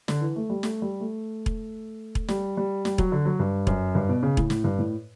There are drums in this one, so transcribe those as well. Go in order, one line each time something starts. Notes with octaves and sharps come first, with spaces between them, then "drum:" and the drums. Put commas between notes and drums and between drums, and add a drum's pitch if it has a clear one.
D3, drum: snare
E3
A3
G3
A3, drum: snare
G3
A3
drum: kick E1
drum: kick E1
G3, drum: snare
G3
G3, drum: snare
F#3, drum: kick E1
D3
F#3
G2
F#2, drum: kick E1
G2
B2
C#3
A2, drum: kick E1
A2, drum: snare
G2
A2